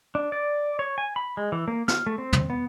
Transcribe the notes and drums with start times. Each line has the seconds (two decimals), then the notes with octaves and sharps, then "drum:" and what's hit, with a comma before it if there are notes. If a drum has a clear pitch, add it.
0.15 D4
0.32 D5
0.79 C#5
0.98 G#5
1.16 B5
1.37 G#3
1.52 E3
1.68 A#3
1.88 F6, drum: snare
2.06 A3
2.18 C4
2.33 drum: tom
2.50 B3